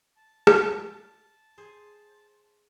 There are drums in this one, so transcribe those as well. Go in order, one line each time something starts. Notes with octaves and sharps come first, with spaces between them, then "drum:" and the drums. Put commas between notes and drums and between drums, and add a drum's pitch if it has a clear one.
A5
drum: rim click
G#4 C5